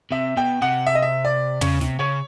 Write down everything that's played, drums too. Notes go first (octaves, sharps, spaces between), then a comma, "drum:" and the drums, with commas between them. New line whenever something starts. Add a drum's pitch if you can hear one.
C3 E5
B2 G5
C3 F#5
E5
D#5
E5
D5
C#3 C#5, drum: tom
C3, drum: snare
C#3 C#5